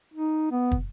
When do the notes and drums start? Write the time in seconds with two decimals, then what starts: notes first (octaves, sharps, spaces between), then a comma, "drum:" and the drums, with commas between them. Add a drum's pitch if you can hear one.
0.14 D#4
0.51 B3
0.72 drum: kick